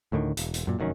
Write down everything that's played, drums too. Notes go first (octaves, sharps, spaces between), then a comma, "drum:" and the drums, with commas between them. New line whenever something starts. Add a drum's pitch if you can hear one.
D2 A2 D3 D#3
E1, drum: hi-hat
drum: hi-hat
F#2 A#2
F1 F#2 D#3 C#4